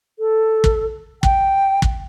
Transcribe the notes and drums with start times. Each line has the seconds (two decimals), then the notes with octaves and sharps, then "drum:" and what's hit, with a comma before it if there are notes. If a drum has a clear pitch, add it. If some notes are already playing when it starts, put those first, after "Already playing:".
0.19 A4
0.64 drum: kick
1.23 G5, drum: kick
1.82 drum: kick